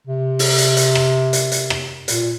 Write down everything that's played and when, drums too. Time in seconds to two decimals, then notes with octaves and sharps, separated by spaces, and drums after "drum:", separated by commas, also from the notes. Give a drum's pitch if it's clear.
0.07 C3
0.39 drum: open hi-hat
0.58 drum: hi-hat
0.77 drum: hi-hat
0.95 drum: rim click
1.33 drum: hi-hat
1.52 drum: hi-hat
1.70 drum: rim click
2.08 A#2, drum: hi-hat